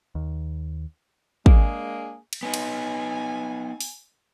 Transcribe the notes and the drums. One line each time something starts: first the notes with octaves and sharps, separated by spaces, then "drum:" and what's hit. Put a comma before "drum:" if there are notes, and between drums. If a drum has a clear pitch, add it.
D#2
G#3 A#3 D4 G#4, drum: kick
drum: cymbal
B3 D#4 G#5
drum: cymbal
drum: open hi-hat